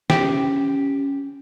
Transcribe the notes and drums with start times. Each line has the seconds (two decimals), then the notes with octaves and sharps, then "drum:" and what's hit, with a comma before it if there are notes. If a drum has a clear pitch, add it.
0.10 C#4 G4, drum: snare